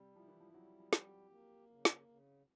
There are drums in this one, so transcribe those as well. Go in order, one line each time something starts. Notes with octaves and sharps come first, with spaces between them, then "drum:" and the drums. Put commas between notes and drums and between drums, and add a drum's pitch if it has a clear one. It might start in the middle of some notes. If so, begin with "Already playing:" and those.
Already playing: C3 G3
F3 E4
E3
F3
F#3 G3
F3
G4, drum: snare
F#3
A#3
C#3
drum: snare
C#3